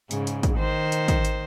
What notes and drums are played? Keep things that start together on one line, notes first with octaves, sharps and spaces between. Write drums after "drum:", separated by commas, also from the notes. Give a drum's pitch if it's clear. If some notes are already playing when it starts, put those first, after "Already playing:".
G#2 C#3, drum: hi-hat
drum: hi-hat
drum: kick, hi-hat
D#3 C5
drum: hi-hat
drum: kick, hi-hat
drum: hi-hat